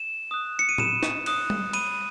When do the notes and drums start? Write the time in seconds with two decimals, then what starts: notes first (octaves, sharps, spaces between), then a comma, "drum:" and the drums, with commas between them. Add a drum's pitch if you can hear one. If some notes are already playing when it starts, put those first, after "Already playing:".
Already playing: E7
0.31 D#6 F#6
0.59 C#7
0.69 D#7
0.78 B5 E7, drum: tom A2
1.03 drum: snare
1.26 D#6 F#6, drum: cymbal
1.50 drum: tom G3
1.73 B5 D#7, drum: cymbal